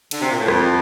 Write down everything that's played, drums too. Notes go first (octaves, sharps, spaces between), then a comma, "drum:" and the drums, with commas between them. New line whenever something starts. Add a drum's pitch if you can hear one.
D3, drum: cymbal
C3
A#2
A2
F2, drum: rim click